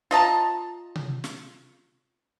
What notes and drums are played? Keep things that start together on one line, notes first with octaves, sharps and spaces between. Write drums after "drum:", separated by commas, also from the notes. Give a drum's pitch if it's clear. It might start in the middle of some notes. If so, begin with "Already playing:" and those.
F4 D#5 A5 A#5
drum: tom C3
drum: snare